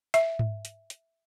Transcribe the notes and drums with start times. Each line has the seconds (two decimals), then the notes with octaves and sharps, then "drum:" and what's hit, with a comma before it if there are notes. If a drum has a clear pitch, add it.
0.14 E5, drum: hi-hat
0.39 drum: tom G#2
0.65 drum: hi-hat
0.90 drum: hi-hat